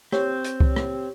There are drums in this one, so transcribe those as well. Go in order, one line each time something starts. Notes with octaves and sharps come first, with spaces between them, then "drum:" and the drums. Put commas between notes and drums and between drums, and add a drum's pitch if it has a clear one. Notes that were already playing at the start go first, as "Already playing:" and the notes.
C4 G4 C#5, drum: rim click
drum: hi-hat
drum: kick C2
drum: rim click